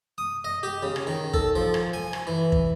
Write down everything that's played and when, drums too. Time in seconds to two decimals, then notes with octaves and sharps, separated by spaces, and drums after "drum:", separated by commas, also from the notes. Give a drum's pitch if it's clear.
0.18 D#6
0.44 D#5
0.63 G4
0.83 C#3
0.96 drum: rim click
1.07 D#3
1.34 A4, drum: kick
1.56 F3
1.74 drum: rim click
1.93 G#5
2.13 drum: rim click
2.27 E3
2.52 drum: kick